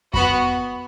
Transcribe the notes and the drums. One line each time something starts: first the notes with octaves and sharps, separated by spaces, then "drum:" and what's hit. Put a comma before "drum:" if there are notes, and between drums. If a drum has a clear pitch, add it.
B3 F#4 B5, drum: kick F2